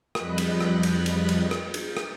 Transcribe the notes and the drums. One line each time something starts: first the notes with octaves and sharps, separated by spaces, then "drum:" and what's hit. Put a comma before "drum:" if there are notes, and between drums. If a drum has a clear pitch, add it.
F2 F3 G3 D#5 B5 F#6, drum: rim click
drum: cymbal
drum: rim click
drum: cymbal
drum: cymbal
drum: cymbal
drum: rim click
drum: cymbal
drum: rim click